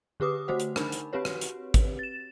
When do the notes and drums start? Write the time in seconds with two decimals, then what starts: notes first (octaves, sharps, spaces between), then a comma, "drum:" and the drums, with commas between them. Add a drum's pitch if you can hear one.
0.20 D3 G4 B4 D6 D#6
0.48 D3 A3 F#4 C5 F#5
0.60 drum: hi-hat
0.76 D4 D#4 A#4 B5, drum: rim click
0.92 drum: hi-hat
1.13 C4 F#4 G4 B4 C#5
1.25 drum: rim click
1.41 drum: hi-hat
1.74 drum: kick G#1, hi-hat
1.99 A6 E7